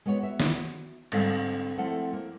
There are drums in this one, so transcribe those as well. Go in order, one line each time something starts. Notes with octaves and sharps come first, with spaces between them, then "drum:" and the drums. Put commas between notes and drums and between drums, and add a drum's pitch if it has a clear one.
G#3 B3 F#4 B4 C#5
F#4 E5
drum: snare
G#2 D3 G3 C4 A4 F5, drum: cymbal
F3 A3 C4 E4 A4 F#5
A#3